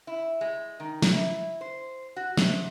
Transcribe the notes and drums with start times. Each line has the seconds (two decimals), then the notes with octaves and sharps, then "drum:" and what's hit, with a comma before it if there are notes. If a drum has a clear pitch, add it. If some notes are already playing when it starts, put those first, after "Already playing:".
0.07 E4
0.41 G#3
0.80 D#3
1.02 drum: snare
1.13 E4
1.61 C5
2.16 F#4
2.37 C3, drum: snare